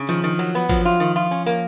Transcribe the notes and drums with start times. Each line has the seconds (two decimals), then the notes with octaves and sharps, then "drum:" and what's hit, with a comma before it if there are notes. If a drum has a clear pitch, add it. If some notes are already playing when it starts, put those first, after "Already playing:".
Already playing: C#3
0.09 D#3 F3
0.24 D#3
0.39 F#3
0.55 B3
0.69 F3 F#3, drum: kick G#1, hi-hat
0.85 F4
1.00 D#3
1.16 F4
1.31 C#4
1.46 A#3